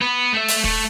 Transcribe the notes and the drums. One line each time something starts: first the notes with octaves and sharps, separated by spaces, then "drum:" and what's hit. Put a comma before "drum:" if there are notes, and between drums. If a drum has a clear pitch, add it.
B3
A3 E5
drum: open hi-hat
A3, drum: kick